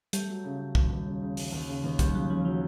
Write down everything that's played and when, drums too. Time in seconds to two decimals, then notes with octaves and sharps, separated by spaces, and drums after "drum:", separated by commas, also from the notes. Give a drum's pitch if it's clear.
0.13 G3 A3, drum: hi-hat
0.29 F#3
0.44 C#3
0.59 C#3
0.75 D#2, drum: kick
0.91 D#2
1.06 C#3
1.22 C#3
1.37 D#2, drum: open hi-hat
1.52 D#2
1.68 C#3
1.84 D#2
1.99 D#2 G3, drum: kick, hi-hat
2.14 C#3 F#3
2.30 C#3 F3
2.45 E3 F#3